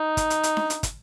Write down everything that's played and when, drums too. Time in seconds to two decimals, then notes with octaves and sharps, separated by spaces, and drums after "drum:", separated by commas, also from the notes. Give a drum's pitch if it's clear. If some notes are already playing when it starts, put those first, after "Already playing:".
Already playing: D#4
0.17 drum: kick, hi-hat
0.30 drum: hi-hat
0.43 drum: hi-hat
0.57 drum: snare D4
0.70 drum: hi-hat
0.83 drum: kick, hi-hat